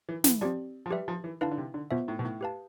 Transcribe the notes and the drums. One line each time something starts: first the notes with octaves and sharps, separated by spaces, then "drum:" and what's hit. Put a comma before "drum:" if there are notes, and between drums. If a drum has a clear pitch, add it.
E3
E3, drum: snare
F3 C4 G4 D5
F3
G3 G4 B4 E5
F3
E3
D3 E4 B4 F5 A5
D3
C3
D3
B2 B3 F4 C5 E5
A2
B2
A2
G4 B4 F5 A5